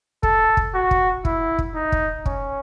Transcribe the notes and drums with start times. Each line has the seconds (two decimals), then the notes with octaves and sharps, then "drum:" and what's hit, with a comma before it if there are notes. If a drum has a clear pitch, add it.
0.23 A4, drum: kick
0.57 drum: kick
0.74 F#4
0.91 drum: kick
1.25 E4, drum: kick
1.59 drum: kick
1.75 D#4
1.92 drum: kick
2.26 C#4, drum: kick